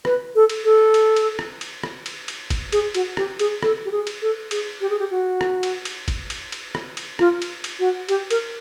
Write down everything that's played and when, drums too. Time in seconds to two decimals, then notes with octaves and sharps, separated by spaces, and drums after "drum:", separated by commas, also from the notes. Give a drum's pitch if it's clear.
0.05 B4, drum: rim click
0.35 A4
0.49 drum: cymbal
0.64 A4
0.94 drum: cymbal
1.16 drum: cymbal
1.39 drum: rim click
1.61 drum: cymbal
1.83 drum: rim click
2.06 drum: cymbal
2.28 drum: cymbal
2.50 drum: kick, cymbal
2.72 G#4, drum: cymbal
2.95 F#4, drum: cymbal
3.17 G4, drum: rim click
3.39 G#4, drum: cymbal
3.62 A4, drum: rim click
3.85 G4
3.91 G#4
4.07 drum: cymbal
4.22 A4
4.51 G#4, drum: cymbal
4.81 G4
4.90 G#4
4.99 G4
5.11 F#4
5.41 drum: rim click
5.63 drum: cymbal
5.85 drum: cymbal
6.08 drum: kick, cymbal
6.30 drum: cymbal
6.52 drum: cymbal
6.75 drum: rim click
6.97 drum: cymbal
7.19 F4, drum: rim click
7.42 drum: cymbal
7.64 drum: cymbal
7.79 F#4
8.09 G4, drum: cymbal
8.31 A#4, drum: cymbal